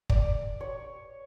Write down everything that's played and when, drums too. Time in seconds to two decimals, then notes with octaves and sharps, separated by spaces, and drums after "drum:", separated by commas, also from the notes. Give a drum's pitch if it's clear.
0.10 D5, drum: kick
0.61 C#5